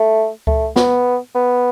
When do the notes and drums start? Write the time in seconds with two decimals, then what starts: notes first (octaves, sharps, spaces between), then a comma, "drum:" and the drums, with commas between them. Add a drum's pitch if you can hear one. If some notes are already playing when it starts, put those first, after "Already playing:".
Already playing: A3
0.47 A3, drum: kick C#2
0.76 B3, drum: snare
1.35 B3